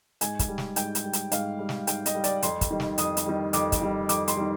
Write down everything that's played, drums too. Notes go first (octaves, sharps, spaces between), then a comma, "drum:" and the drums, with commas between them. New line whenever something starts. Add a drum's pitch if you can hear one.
G#2 G#5, drum: hi-hat
drum: kick, hi-hat
G3
drum: snare
G#2 G5, drum: hi-hat
drum: hi-hat
G3
drum: hi-hat
G#2 F5, drum: hi-hat
G3
drum: snare
G#2 G5, drum: hi-hat
D#5, drum: hi-hat
G3
D5, drum: hi-hat
F2 C6, drum: hi-hat
drum: kick, hi-hat
D#3 G3
drum: snare
F2 D#6, drum: hi-hat
drum: hi-hat
D#3 G3
F2 D6, drum: hi-hat
drum: kick, hi-hat
D#3 G3
F2 D6, drum: hi-hat
C6, drum: hi-hat
D#3 G3